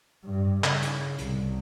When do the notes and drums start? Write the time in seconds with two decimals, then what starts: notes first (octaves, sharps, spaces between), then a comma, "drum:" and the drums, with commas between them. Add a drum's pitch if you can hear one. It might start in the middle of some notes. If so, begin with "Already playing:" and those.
0.25 G2
0.64 C#3, drum: clap
0.82 drum: hi-hat
1.18 C2, drum: hi-hat